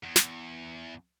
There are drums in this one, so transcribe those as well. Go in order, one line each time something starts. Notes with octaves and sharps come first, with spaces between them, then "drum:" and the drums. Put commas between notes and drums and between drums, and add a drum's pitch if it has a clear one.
E2
drum: snare